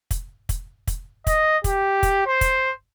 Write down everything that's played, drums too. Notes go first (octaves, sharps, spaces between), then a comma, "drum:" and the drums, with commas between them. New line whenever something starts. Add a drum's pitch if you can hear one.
drum: kick, hi-hat
drum: kick, hi-hat
drum: kick, hi-hat
D#5, drum: kick, hi-hat
G4, drum: kick, hi-hat
drum: kick, hi-hat
C5
drum: kick, hi-hat